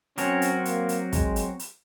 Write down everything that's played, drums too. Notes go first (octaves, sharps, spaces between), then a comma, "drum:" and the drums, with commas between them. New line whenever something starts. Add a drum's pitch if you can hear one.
F#3 C4 C#4 F#4 A#4 C#5, drum: hi-hat
drum: hi-hat
A#3, drum: hi-hat
drum: hi-hat
G#3, drum: kick, hi-hat
drum: hi-hat
drum: hi-hat